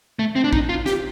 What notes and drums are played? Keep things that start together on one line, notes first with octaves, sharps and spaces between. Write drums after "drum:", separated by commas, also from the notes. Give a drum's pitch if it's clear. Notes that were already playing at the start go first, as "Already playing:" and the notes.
A3
C4
D4
D#4, drum: kick
F4
G4, drum: snare